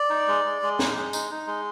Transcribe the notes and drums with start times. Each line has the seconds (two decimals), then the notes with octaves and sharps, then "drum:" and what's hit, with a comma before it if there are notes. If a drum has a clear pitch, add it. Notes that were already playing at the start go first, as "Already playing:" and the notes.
Already playing: D5
0.10 D#4
0.28 G#3
0.45 G#3
0.62 G#3
0.79 D#4, drum: snare
0.96 G#3
1.13 D#4, drum: tambourine
1.31 D#4
1.47 G#3